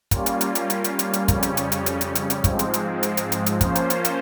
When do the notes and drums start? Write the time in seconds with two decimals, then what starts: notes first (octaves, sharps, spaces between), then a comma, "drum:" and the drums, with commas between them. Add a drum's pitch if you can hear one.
0.11 G3 A#3 C#4 F4, drum: kick, hi-hat
0.26 drum: hi-hat
0.41 drum: hi-hat
0.55 drum: hi-hat
0.70 drum: hi-hat
0.84 drum: hi-hat
0.99 drum: hi-hat
1.13 drum: hi-hat
1.28 F2 C#3 G3 C#4, drum: kick, hi-hat
1.43 drum: hi-hat
1.57 drum: hi-hat
1.72 drum: hi-hat
1.86 drum: hi-hat
2.01 drum: hi-hat
2.15 drum: hi-hat
2.30 drum: hi-hat
2.44 G#2 F3 G#3 C4, drum: kick, hi-hat
2.59 drum: hi-hat
2.74 drum: hi-hat
3.03 drum: hi-hat
3.17 drum: hi-hat
3.32 drum: hi-hat
3.46 drum: hi-hat
3.61 F3 A#3 C#4 F4 C5, drum: kick, hi-hat
3.75 drum: hi-hat
3.90 drum: hi-hat
4.05 drum: hi-hat